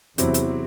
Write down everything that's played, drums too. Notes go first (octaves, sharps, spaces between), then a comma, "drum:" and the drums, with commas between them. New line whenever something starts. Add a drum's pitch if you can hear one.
E2 C3 F#3 C4 E4, drum: hi-hat
drum: hi-hat